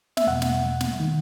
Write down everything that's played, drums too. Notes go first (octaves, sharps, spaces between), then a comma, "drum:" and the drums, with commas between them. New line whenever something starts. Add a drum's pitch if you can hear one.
E5, drum: snare
E2 B2 F#5
drum: snare
drum: snare
D#3